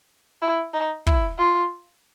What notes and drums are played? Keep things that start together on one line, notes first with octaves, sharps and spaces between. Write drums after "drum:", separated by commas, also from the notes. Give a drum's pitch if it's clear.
E4
D#4
E4, drum: kick
F4